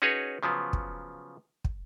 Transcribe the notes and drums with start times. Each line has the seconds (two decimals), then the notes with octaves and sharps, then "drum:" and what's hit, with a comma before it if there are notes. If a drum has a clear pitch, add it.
0.02 C#4 D#4 F#4 G#4 B4 C#5
0.43 C#3 F3 F#3 B3
0.73 drum: kick
1.64 drum: kick